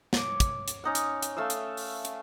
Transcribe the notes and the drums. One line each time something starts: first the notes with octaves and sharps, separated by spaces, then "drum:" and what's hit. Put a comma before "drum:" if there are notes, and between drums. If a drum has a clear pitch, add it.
C#5 D6, drum: snare
drum: kick, hi-hat
drum: hi-hat
C#4 D#4 F#5
drum: hi-hat
drum: hi-hat
A3 E5 F5 E6
drum: hi-hat
drum: open hi-hat
drum: hi-hat